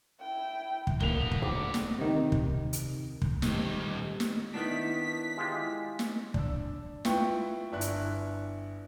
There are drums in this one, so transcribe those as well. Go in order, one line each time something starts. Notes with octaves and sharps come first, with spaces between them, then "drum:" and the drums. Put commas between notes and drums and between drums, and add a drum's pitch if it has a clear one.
E4 G5
drum: kick
D3 A#3 B3 F7 G7, drum: kick
drum: kick
D2 D6
drum: snare
C3 D#3
drum: kick
drum: hi-hat
drum: kick
D#3 G3, drum: snare
drum: snare
D#3 B3 D4 E4 B6
G#3 E4 F4 G4
drum: snare
D4 E6, drum: kick
E4 F4 B4 G5 C#6, drum: snare
G1 D4 E4 F#6
drum: hi-hat